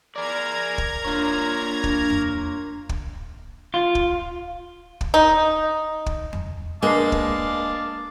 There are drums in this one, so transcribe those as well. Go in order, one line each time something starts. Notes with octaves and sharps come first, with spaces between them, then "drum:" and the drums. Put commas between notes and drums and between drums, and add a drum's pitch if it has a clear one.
G#4 A#4 D5 A#5 G#6
drum: kick
A#3 D4 F4 C#5
drum: kick
drum: tom E2
drum: kick
F4
drum: kick
drum: kick
D#4
drum: kick
drum: tom E2
G#3 A#3 D4 B4 F5 A5 D6 C7
drum: kick